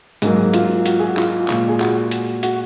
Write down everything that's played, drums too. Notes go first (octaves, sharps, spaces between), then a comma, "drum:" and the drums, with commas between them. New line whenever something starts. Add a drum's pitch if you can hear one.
G#2 F#3 A#3 G#4, drum: hi-hat
F4, drum: hi-hat
F4
F#4, drum: hi-hat
G#4
F#4
F4, drum: clap
A#2 G#3, drum: clap
G#4
F#4, drum: clap
drum: hi-hat
F#4, drum: hi-hat